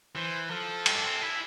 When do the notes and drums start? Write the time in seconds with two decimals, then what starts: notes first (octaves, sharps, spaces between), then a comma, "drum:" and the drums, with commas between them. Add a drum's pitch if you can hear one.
0.16 E3 C5
0.50 F3 A4
0.86 G3, drum: cymbal
0.95 D4
1.04 C4
1.21 E4